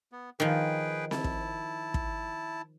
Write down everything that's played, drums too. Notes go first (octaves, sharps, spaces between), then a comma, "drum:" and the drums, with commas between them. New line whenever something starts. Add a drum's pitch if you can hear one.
B3
D#3 F3 G#4 B4 G5
E4 A5, drum: snare C4
drum: kick
drum: kick